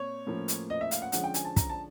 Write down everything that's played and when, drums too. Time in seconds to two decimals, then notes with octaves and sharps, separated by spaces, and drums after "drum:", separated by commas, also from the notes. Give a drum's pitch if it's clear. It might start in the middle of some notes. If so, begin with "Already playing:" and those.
Already playing: A#2 C4 C#5
0.27 A2 F3 A#3 C#4
0.48 drum: hi-hat
0.70 D#5
0.81 E5
0.91 F5, drum: hi-hat
1.02 F#5
1.12 D3 F3 G#3 C#4 F#5, drum: hi-hat
1.24 G5
1.34 G#5, drum: hi-hat
1.45 A5
1.56 A#5, drum: kick, hi-hat
1.70 A5